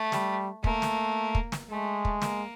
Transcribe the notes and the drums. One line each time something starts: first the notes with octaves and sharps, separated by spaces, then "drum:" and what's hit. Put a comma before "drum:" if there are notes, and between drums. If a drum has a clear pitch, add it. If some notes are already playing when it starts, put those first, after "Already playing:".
Already playing: A3
G3, drum: snare
A3 A#3, drum: kick
drum: snare
drum: kick
drum: snare
G#3 A3
drum: kick
A#3, drum: snare